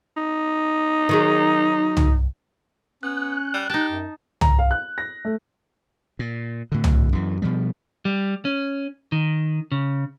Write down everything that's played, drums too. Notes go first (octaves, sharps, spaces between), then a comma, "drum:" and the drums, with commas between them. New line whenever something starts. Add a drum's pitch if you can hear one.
D#4
D#3 F#3 G#4
drum: tom C2
B3 C#4 F#6
G3
D#4 G4 A5
F#2
A#5, drum: tom C2
F5
F#6
A#6
A3
A#2
A2 D3
drum: tom C2
F#2 E3
B2 F3 G3
G3
C#4
D#3
C#3